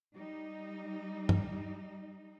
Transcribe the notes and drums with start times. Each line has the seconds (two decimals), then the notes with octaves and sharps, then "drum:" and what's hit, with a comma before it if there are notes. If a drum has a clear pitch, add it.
0.13 G3 D#4
1.29 drum: tom